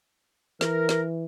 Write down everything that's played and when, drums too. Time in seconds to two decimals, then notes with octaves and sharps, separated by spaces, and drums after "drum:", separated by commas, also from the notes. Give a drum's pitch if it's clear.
0.61 E3 A#4, drum: snare
0.89 drum: snare